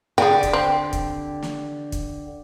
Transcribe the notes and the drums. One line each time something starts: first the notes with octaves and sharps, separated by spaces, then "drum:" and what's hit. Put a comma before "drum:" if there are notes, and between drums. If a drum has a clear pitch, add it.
D3 G4 G#4 G5
drum: kick, hi-hat
C4
drum: kick, hi-hat
drum: snare
drum: kick, hi-hat